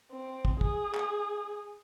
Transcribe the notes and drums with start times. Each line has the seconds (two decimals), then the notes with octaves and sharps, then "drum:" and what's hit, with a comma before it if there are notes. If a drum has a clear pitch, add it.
0.12 C4
0.45 drum: kick
0.61 G#4, drum: kick
0.95 drum: clap